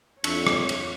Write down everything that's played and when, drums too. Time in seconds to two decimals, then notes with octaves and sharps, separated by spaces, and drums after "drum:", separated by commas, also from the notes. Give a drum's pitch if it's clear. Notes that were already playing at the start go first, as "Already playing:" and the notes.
0.24 F2 D4 C#5 E5 C#6, drum: cymbal
0.47 drum: rim click
0.69 drum: cymbal